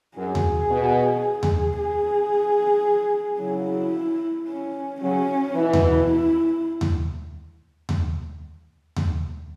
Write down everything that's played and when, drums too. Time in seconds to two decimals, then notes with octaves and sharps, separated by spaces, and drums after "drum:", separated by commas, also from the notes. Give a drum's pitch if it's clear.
0.17 F#2 G#4
0.35 drum: tom D#2
0.71 B2
1.43 drum: tom D#2
1.79 G#4
3.39 C#3 F#3 E4
4.48 C#4
5.01 C#3 F#3 C#4
5.55 B2 E3 E4
5.73 drum: tom D#2
6.81 drum: tom D#2
7.89 drum: tom D#2
8.96 drum: tom D#2